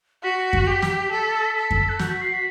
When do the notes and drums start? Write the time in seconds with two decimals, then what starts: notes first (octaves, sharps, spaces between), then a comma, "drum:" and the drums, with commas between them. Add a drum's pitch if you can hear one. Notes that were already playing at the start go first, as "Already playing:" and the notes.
0.24 F#4 B6
0.53 drum: kick F#2
0.67 G4
0.82 drum: snare
1.12 A4 B6
1.23 B6
1.34 A6
1.45 B6
1.55 A4 B6
1.71 drum: kick F#2
1.89 F#6
1.99 F#4 G6, drum: snare
2.10 B6
2.21 C7
2.33 B6